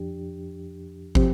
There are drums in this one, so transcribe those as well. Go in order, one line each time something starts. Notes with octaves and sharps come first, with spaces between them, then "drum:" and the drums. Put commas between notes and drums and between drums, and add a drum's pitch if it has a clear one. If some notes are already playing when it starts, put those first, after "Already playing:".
Already playing: F2 F3 D4 G4
F3 C4 G4, drum: kick